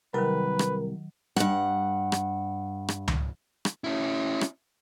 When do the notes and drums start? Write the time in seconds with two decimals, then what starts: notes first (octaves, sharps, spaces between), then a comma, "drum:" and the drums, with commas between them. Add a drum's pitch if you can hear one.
0.14 C2 D#3 F#3 A#4 B4
0.59 drum: rim click
1.36 G2 F#5, drum: rim click
2.12 drum: rim click
2.88 drum: rim click
3.08 drum: tom C#2
3.65 drum: rim click
3.84 C#4 E4
4.41 drum: rim click